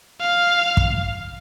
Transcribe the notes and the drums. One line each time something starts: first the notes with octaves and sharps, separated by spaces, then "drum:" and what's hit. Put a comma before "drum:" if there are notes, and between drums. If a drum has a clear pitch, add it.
F5
drum: kick